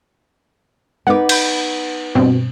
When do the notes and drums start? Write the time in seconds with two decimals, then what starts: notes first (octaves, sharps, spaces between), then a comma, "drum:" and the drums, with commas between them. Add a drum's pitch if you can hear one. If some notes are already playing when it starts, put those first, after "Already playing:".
1.07 B3 D#4 B4 F#5 D6
1.29 B5 G6, drum: cymbal
2.15 G2 B2 C4